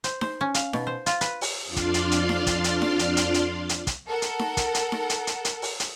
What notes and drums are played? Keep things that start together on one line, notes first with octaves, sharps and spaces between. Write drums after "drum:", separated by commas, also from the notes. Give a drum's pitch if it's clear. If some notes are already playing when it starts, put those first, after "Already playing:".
C5, drum: hi-hat
C5, drum: snare D#4
C#4
F5, drum: hi-hat
B2, drum: snare D#4
C5
F4, drum: hi-hat
B4, drum: hi-hat
drum: open hi-hat
F2 D4 F4 D5 F5 C6
drum: kick, hi-hat
drum: hi-hat
drum: hi-hat
drum: snare D#4
drum: kick, hi-hat
drum: hi-hat
drum: snare D#4
drum: hi-hat
drum: hi-hat
drum: hi-hat
drum: hi-hat
drum: kick, hi-hat
A4 A#4 F#5
drum: hi-hat
drum: snare D#4
drum: kick, hi-hat
drum: hi-hat
drum: snare D#4
drum: hi-hat
drum: hi-hat
drum: hi-hat
drum: open hi-hat
drum: hi-hat